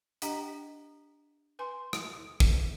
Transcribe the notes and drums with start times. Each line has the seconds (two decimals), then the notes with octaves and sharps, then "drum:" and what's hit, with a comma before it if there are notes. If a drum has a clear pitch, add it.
0.22 D4 G4 D#5 F#5 G5 A#5, drum: hi-hat
1.59 B4 G#5 C6
1.93 drum: rim click
2.40 drum: kick